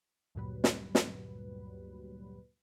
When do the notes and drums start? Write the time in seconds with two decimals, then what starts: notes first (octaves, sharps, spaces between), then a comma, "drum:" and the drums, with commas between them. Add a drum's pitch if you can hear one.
0.35 D2 G2 A#2 F#3 G3 B4
0.64 drum: snare
0.95 drum: snare